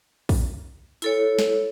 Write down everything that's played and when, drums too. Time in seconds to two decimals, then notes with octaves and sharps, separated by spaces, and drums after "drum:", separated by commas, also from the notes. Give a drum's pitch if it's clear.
0.29 drum: kick, open hi-hat
1.02 E4 A4 C#5, drum: hi-hat
1.39 drum: snare